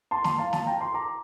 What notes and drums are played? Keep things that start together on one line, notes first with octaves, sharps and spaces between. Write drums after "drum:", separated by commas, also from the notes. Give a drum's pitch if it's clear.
A5 C6
A5 C6, drum: snare
F5 A5
F5 A5, drum: snare
G5 A#5
A5 C6
A#5 D6